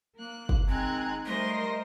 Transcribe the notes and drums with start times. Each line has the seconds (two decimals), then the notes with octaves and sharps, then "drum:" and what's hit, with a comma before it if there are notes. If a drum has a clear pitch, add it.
0.15 A#3 F#6
0.49 drum: kick
0.68 D#3 G#3 C4 A#5 F#6 G#6
1.26 G3 A3 A#4 C5 D#5 C6 A#6